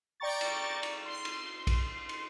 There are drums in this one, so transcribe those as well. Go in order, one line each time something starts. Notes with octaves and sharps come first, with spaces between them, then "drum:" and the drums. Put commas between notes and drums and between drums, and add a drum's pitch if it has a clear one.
D5 G5 A#5 C#6 A6
drum: cymbal
drum: cymbal
C6
drum: cymbal
drum: kick A#1, cymbal
drum: cymbal